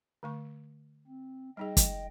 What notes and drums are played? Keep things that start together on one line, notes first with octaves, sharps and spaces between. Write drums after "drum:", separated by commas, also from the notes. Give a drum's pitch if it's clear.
D3 A3 C#6
C4
G3 D#4 G#4 D#5 G5
drum: kick, hi-hat